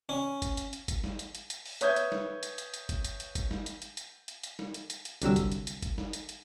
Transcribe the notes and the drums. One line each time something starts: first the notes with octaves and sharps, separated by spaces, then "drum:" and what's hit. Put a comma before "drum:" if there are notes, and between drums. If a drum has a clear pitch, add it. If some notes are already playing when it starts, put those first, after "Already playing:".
C#4
drum: kick, hi-hat
drum: hi-hat
drum: hi-hat
drum: kick, hi-hat
drum: snare
drum: hi-hat
drum: hi-hat
drum: hi-hat
drum: open hi-hat
B4 C#5 E5 D#6 G6 G#6, drum: hi-hat
drum: hi-hat
drum: snare
drum: hi-hat
drum: hi-hat
drum: hi-hat
drum: kick, hi-hat
drum: hi-hat
drum: hi-hat
drum: kick, hi-hat
drum: snare
drum: hi-hat
drum: hi-hat
drum: hi-hat
drum: hi-hat
drum: hi-hat
drum: snare
drum: hi-hat
drum: hi-hat
drum: hi-hat
C2 D3 F#3 G3 E6, drum: hi-hat
drum: kick, hi-hat
drum: hi-hat
drum: hi-hat
drum: kick, hi-hat
drum: snare
drum: hi-hat
drum: hi-hat